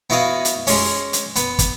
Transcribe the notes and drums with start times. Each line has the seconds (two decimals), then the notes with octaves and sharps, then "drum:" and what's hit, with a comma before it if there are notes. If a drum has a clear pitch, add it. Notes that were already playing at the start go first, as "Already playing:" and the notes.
0.10 B3 E4 F#4 D#5 F5 G#5
0.45 drum: hi-hat
0.67 G#3 C#4, drum: open hi-hat
1.13 drum: hi-hat
1.36 B3, drum: hi-hat
1.59 drum: kick, hi-hat